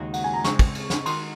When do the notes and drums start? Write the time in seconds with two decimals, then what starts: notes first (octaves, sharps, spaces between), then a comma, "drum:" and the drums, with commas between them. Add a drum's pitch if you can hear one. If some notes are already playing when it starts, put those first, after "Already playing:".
Already playing: D#2 C#3 G#3 D#4 F#4
0.14 F#5, drum: cymbal
0.24 G#5
0.34 A#5
0.44 C#3 G#3 C4 C#6, drum: snare
0.59 drum: kick, cymbal
0.75 drum: cymbal
0.90 drum: snare
1.06 D#3 G#3 D#4 F#4 C6, drum: cymbal